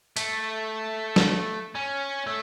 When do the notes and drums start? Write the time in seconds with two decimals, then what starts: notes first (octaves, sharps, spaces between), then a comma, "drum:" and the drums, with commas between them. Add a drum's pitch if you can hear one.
0.17 A3, drum: hi-hat
1.16 drum: snare
1.75 C#4
2.27 A3